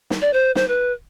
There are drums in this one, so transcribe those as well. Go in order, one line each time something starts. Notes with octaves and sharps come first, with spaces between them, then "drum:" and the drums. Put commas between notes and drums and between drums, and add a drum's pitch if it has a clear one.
drum: snare
D5
C5
C5, drum: snare
B4